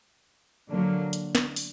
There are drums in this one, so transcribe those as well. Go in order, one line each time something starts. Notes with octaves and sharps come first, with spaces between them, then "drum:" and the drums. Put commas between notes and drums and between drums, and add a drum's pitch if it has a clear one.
D3 F#3 A#3
drum: hi-hat
drum: snare
drum: open hi-hat